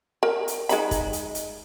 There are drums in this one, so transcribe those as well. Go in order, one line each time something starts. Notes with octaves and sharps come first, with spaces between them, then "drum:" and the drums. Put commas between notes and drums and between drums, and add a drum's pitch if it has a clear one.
A#4
drum: hi-hat
G#3 D#4 B5, drum: hi-hat
drum: kick, hi-hat
drum: hi-hat
drum: hi-hat